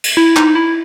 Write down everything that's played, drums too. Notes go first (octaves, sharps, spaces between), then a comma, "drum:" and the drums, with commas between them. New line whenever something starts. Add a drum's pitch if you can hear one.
drum: cymbal
E4
D#4, drum: clap
E4